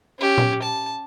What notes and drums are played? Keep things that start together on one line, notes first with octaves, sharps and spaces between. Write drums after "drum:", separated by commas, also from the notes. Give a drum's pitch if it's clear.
C#4 G4
drum: tom A#2
A5